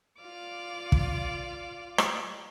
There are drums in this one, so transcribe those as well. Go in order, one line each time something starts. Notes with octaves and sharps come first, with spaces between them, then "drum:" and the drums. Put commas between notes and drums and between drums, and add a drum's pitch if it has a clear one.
F4 D5 D6 F6
drum: kick
drum: rim click